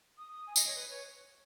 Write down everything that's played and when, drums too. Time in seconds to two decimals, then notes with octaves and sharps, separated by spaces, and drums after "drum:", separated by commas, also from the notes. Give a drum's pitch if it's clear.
0.18 D#6
0.32 D#6
0.47 G#5
0.56 D#5, drum: tambourine
0.66 C#5
0.76 B4
0.90 C#5